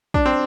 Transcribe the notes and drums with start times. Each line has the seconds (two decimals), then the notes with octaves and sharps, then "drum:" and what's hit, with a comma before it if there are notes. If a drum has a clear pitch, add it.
0.14 D4, drum: kick
0.26 C4